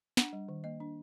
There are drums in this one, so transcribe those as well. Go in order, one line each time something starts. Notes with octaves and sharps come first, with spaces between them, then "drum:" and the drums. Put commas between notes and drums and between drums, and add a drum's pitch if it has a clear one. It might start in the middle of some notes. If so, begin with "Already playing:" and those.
D4 F#5, drum: snare
G3
D#3
A#3 D#5
D4